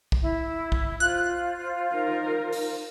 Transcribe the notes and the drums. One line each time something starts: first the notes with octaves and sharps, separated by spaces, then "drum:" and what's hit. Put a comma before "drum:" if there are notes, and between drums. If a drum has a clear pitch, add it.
drum: kick
E4
drum: kick
F4 C5 F#6
D#4 A#4
drum: open hi-hat